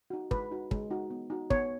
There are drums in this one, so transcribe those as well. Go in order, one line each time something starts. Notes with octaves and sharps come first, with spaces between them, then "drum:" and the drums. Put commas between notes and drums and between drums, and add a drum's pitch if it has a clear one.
D#4 F#4
G#3 B4, drum: kick
D#4 F#4
G#3, drum: kick
D#4 F#4
B3
D#4 F#4
B3 C#5, drum: kick